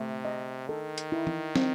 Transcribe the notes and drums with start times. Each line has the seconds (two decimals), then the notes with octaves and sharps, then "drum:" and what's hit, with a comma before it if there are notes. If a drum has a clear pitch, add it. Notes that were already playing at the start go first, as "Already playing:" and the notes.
Already playing: C3 A3
0.25 D#5
0.68 D#3 A4
0.98 drum: hi-hat
1.12 E4
1.27 drum: tom E3
1.56 C4, drum: snare